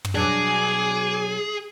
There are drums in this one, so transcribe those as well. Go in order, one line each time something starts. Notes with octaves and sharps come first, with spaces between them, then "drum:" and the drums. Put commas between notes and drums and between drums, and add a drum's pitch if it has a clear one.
drum: tom
B2 F#3 D4 G#4 G#5 D6